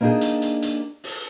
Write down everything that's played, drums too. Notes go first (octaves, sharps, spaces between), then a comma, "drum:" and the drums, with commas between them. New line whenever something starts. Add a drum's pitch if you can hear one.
A#3 B3 D4 D#4 G4 G#4
drum: hi-hat
drum: hi-hat
drum: hi-hat
drum: open hi-hat